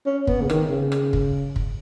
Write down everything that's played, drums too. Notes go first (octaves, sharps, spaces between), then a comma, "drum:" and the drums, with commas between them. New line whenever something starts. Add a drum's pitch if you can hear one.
C#4
B3, drum: kick
C#3
D#3, drum: rim click
C#3
drum: rim click
drum: kick
drum: kick